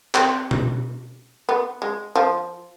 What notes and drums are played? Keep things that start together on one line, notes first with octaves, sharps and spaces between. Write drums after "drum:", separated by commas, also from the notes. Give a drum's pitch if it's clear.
C4, drum: clap
drum: tom B2
B3
G#3
F3